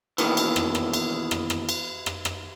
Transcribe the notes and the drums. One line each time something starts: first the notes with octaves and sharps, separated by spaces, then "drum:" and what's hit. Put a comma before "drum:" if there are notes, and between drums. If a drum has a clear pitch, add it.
D#2 B2 D#3 E3, drum: cymbal
drum: cymbal
drum: rim click
drum: rim click
drum: cymbal
drum: rim click
drum: rim click
drum: cymbal
drum: rim click
drum: rim click